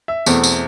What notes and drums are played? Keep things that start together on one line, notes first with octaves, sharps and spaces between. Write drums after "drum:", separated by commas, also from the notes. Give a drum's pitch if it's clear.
E5
E2 B2 A3 C4, drum: tambourine
drum: tambourine